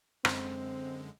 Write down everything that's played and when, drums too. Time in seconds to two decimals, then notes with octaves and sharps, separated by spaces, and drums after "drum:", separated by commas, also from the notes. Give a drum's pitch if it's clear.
0.25 F#2 D3 G#3 C4, drum: rim click